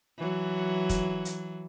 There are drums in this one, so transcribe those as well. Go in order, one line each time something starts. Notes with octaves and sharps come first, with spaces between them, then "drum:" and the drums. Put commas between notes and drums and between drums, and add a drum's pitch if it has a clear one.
E3 F#3
drum: kick, hi-hat
drum: hi-hat